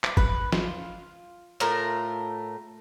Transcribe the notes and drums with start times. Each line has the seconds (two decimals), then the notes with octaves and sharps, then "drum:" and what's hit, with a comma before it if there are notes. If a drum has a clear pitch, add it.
0.04 drum: clap
0.17 B4, drum: kick F#1
0.52 F4, drum: snare
1.60 A2 A3 F4 A#4, drum: hi-hat